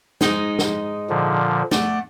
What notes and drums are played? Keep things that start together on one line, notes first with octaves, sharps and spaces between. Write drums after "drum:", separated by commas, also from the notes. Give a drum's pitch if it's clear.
G#2 G#3 D#4, drum: snare
drum: snare
A#2 D3 F3
A3 D5 F#5, drum: snare